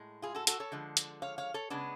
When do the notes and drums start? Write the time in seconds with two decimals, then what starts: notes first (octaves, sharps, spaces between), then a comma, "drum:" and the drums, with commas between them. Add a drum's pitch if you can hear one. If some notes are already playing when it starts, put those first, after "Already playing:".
Already playing: A2 G#3
0.22 F4 G#4
0.35 F#4 A4
0.47 F#4 A4, drum: hi-hat
0.60 A4 C#5
0.72 D3 F3 G#3
0.97 drum: hi-hat
1.22 C#5 F5
1.38 C#5 F5
1.54 A4 C#5
1.70 C#3 G#3 B3 D4